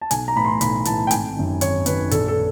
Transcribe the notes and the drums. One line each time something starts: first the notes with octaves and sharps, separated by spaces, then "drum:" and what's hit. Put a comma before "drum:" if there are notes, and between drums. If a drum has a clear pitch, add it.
A5
B1 G#5, drum: hi-hat
A#5
A2 E3 B5
C6
B1 B5, drum: hi-hat
A2 E3 A5, drum: hi-hat
G5
G#1 G#5, drum: hi-hat
F#2 D#3
G#1 C#5, drum: hi-hat
F#2 D#3 B4, drum: hi-hat
A#1 A4, drum: hi-hat
A4